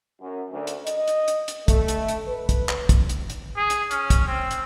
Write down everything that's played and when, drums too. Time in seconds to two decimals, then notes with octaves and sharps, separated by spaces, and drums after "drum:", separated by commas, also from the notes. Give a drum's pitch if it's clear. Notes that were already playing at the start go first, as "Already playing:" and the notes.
0.21 F#2
0.51 D2
0.67 drum: hi-hat
0.87 D#5, drum: hi-hat
1.08 drum: hi-hat
1.28 drum: hi-hat
1.48 drum: hi-hat
1.68 A3, drum: kick, hi-hat
1.88 drum: hi-hat
2.08 drum: hi-hat
2.28 B4
2.49 drum: kick, hi-hat
2.69 drum: clap
2.89 drum: kick, hi-hat
3.09 drum: hi-hat
3.30 drum: hi-hat
3.56 G#4
3.70 drum: hi-hat
3.91 C#4, drum: hi-hat
4.10 drum: kick, hi-hat
4.27 C4
4.51 drum: hi-hat